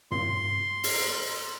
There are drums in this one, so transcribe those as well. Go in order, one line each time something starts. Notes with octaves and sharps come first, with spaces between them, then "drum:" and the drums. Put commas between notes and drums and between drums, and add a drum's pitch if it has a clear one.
C6, drum: tom
drum: open hi-hat